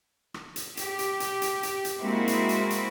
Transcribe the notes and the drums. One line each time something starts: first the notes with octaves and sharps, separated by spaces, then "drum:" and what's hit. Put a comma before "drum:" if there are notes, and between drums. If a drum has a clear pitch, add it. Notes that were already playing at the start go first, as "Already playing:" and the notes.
drum: rim click
drum: hi-hat
G4, drum: hi-hat
drum: hi-hat
drum: hi-hat
drum: hi-hat
drum: hi-hat
drum: hi-hat
G#3 A#3 C4 E4 F#4
drum: hi-hat
drum: hi-hat
drum: hi-hat